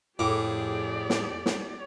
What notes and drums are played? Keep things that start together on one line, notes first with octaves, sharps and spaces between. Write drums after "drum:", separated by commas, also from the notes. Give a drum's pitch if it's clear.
F2 A2 G4 G#4 D5 D6
drum: snare
drum: snare